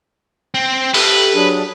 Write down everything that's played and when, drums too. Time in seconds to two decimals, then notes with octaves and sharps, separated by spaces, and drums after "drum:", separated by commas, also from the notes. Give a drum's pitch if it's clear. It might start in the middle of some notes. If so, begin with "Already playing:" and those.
0.54 C4
0.94 G4 A4 B4 E5, drum: open hi-hat
1.34 F#3 D4 G#4